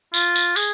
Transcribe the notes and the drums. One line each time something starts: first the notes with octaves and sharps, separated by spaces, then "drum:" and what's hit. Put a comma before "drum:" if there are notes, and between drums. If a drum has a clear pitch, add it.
F4, drum: tambourine
drum: tambourine
G#4, drum: tambourine